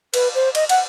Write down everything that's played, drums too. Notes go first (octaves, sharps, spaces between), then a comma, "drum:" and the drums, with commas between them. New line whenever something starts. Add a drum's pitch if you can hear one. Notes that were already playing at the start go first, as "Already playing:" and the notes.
B4, drum: cymbal
C5
D#5, drum: cymbal
F#5, drum: cymbal